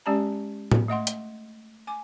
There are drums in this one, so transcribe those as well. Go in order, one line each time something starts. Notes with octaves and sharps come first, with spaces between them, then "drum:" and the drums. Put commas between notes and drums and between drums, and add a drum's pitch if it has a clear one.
G#3 C#4 G4 D5 A5 A#5
drum: tom A2
A3 D#5 F#5 C6
drum: hi-hat
G#5 D6